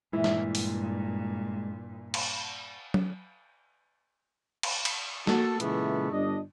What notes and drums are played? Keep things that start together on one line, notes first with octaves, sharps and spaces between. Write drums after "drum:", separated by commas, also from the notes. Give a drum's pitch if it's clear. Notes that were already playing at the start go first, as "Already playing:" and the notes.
G2 A#2 E3 G#3 E5
drum: snare
drum: open hi-hat
drum: cymbal
drum: tom F#3
drum: cymbal
drum: cymbal
A#3 F#4 A4, drum: snare
A#2 C#3 E3 G#3 A3 B3, drum: hi-hat
G1 D4 D#5